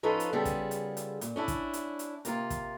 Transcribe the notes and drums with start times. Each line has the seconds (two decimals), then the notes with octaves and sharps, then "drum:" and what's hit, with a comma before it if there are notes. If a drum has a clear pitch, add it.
0.03 F3 C#4 D#4 F4 A4 B4
0.20 drum: hi-hat
0.33 C#3 G3 B3 F4 G#4 A4
0.45 drum: kick, hi-hat
0.71 drum: hi-hat
0.97 drum: hi-hat
1.21 A#2, drum: hi-hat
1.36 C#4 D4 E4
1.48 drum: kick, hi-hat
1.73 drum: hi-hat
1.99 drum: hi-hat
2.25 C3 A#3 F4, drum: hi-hat
2.50 drum: kick, hi-hat